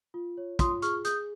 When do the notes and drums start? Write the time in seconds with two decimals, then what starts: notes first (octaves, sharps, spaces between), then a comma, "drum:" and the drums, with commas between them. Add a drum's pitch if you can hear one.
0.14 F4
0.37 C#5
0.59 F4 C6 D#6, drum: kick, hi-hat
0.82 G#4 C#6 F6, drum: hi-hat
1.04 G#4 D#6 G6, drum: hi-hat